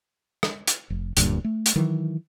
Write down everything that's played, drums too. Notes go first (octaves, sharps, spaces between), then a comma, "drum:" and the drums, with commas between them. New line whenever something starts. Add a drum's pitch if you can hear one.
drum: rim click
drum: hi-hat
F1
D1 D2 G2 A#2, drum: hi-hat
A3
drum: hi-hat
D#3 E3 F#3